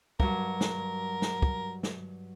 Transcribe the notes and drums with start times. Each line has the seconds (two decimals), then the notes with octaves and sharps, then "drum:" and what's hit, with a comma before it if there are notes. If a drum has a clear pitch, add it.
0.20 G2 F#3 A#4, drum: kick
0.61 drum: snare
1.22 drum: snare
1.42 drum: kick
1.83 drum: snare